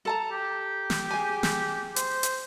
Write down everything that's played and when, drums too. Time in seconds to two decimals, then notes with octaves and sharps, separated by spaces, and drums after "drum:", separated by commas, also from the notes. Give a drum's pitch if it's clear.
0.05 A4 A5 A#5
0.32 G4
0.90 drum: snare
1.11 G#4 G#5
1.43 drum: snare
1.96 C5, drum: hi-hat
2.23 drum: hi-hat